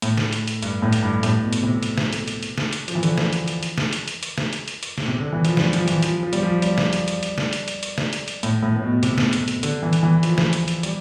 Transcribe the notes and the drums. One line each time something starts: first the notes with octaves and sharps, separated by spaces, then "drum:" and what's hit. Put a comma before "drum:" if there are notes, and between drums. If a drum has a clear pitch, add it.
A2, drum: hi-hat
drum: snare
drum: hi-hat
drum: hi-hat
G2, drum: hi-hat
A2
drum: hi-hat
G2
A2, drum: hi-hat
B2
drum: hi-hat
C3
drum: hi-hat
drum: snare
drum: hi-hat
drum: hi-hat
drum: hi-hat
drum: snare
drum: hi-hat
F3, drum: hi-hat
E3
D3, drum: hi-hat
drum: snare
drum: hi-hat
drum: hi-hat
drum: hi-hat
drum: snare
drum: hi-hat
drum: hi-hat
drum: hi-hat
drum: snare
drum: hi-hat
drum: hi-hat
drum: hi-hat
drum: snare
C3
D3
E3
F3, drum: hi-hat
G3, drum: snare
F3, drum: hi-hat
E3, drum: hi-hat
F3, drum: hi-hat
F3
G3, drum: hi-hat
F3
G3, drum: hi-hat
drum: snare
drum: hi-hat
drum: hi-hat
drum: hi-hat
drum: snare
drum: hi-hat
drum: hi-hat
drum: hi-hat
drum: snare
drum: hi-hat
drum: hi-hat
A2, drum: hi-hat
A2
A2
B2
B2
C3, drum: hi-hat
drum: snare
drum: hi-hat
drum: hi-hat
D3, drum: hi-hat
E3
drum: hi-hat
E3
F3, drum: hi-hat
drum: snare
drum: hi-hat
drum: hi-hat
G3, drum: hi-hat